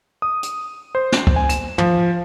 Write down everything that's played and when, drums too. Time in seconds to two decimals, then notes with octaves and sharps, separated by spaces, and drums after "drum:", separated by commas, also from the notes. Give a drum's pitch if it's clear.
0.22 D#6
0.43 drum: hi-hat
0.95 C5
1.12 drum: snare
1.27 drum: kick
1.36 G#5
1.49 E7, drum: hi-hat
1.78 F3, drum: tom